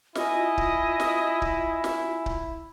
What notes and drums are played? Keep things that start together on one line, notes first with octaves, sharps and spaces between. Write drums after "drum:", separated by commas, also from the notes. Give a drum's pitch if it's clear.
E4 F4 D#5 G#5, drum: snare
drum: kick C#1
drum: snare
drum: kick C#1
drum: snare
drum: kick C#1